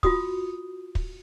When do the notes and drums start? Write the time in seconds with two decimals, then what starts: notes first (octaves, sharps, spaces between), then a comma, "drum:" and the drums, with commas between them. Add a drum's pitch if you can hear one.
0.03 F4 F#4 D#6, drum: kick
0.95 drum: kick